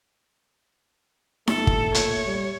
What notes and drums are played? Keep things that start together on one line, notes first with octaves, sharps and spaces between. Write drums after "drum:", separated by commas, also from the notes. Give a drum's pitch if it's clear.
G1 A3 A4, drum: snare D#4
drum: kick
A#2 C#5, drum: hi-hat
G3